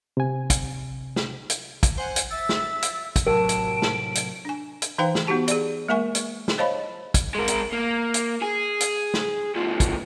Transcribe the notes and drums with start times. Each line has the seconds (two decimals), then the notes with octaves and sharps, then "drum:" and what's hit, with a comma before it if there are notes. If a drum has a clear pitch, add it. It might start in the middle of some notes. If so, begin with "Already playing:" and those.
0.17 C3 G#5
0.50 drum: kick, hi-hat
1.16 drum: snare
1.50 drum: hi-hat
1.83 drum: kick, hi-hat
1.98 C5 F#5 G#5
2.16 drum: hi-hat
2.31 E5 E6 A6
2.49 drum: snare
2.82 drum: hi-hat
3.16 drum: kick, hi-hat
3.27 A2 C3 F#3 A#4 A5 D7
3.49 drum: hi-hat
3.82 drum: snare
4.15 drum: hi-hat
4.45 D4 G#5
4.82 drum: hi-hat
4.98 E3 D#4 C5 F5 G5 A#5
5.15 drum: snare
5.27 B3 D#4 F#4 G4 A5
5.48 G#4 D5, drum: hi-hat
5.88 G#3 A#3 A#4 E5 G#5 C#6
6.15 drum: hi-hat
6.48 drum: snare
6.58 C5 C#5 D#5 F5 A5 B5
7.14 drum: kick, hi-hat
7.35 G#3 A#4
7.48 drum: hi-hat
7.72 A#3
8.14 drum: hi-hat
8.42 G#4
8.80 drum: hi-hat
9.14 drum: snare
9.55 D2 F3
9.80 drum: kick, hi-hat